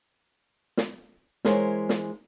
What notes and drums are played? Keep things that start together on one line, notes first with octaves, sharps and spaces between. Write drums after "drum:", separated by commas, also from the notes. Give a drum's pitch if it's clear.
drum: snare
E3 G#3 E4 A#4 C5 C#5, drum: snare
drum: snare